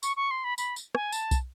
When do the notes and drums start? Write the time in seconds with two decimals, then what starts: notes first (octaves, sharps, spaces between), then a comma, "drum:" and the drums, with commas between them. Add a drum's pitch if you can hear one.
0.03 C#6, drum: tambourine
0.17 C#6
0.31 C6
0.44 B5
0.58 B5, drum: tambourine
0.76 drum: tambourine
0.95 G#5, drum: rim click
1.12 A5, drum: tambourine
1.31 drum: kick, tambourine